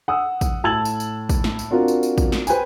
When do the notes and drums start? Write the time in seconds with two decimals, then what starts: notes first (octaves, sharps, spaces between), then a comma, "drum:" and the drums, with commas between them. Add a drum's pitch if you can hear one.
0.08 F#5 D#6 E6
0.41 drum: kick, tambourine
0.64 A2 A5 E6 G#6 A6 F#7
0.85 drum: tambourine
1.00 drum: tambourine
1.29 drum: kick, tambourine
1.44 drum: snare
1.59 drum: tambourine
1.70 C4 D4 F4 F#4 A#4
1.88 drum: tambourine
2.03 drum: tambourine
2.18 drum: kick, tambourine
2.32 drum: snare
2.47 B4 C5 G5 G#5, drum: tambourine